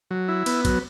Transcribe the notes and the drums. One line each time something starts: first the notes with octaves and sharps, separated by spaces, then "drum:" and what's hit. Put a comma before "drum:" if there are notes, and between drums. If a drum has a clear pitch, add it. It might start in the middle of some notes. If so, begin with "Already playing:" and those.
F#3
E4
B3, drum: cymbal
F#3, drum: kick, cymbal